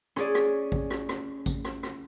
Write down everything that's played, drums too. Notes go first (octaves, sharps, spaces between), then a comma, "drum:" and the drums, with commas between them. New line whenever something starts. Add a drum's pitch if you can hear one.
C#4 G#4 D5, drum: rim click
drum: rim click
drum: kick A1
drum: rim click
drum: rim click
drum: kick A1, tambourine
drum: rim click
drum: rim click